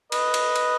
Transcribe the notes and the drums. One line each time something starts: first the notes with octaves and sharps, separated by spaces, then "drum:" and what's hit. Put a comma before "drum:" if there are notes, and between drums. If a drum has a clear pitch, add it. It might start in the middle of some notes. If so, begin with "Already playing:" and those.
B4 D#5, drum: cymbal
drum: cymbal
drum: cymbal